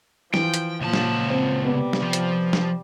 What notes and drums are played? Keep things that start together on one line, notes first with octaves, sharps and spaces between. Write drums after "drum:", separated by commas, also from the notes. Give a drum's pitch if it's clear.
E3 F3 G5, drum: snare
drum: hi-hat
C#2 A#2 F3 F#3 A5
drum: snare
C4
C3 G3 B3
drum: snare
F3
drum: hi-hat
drum: snare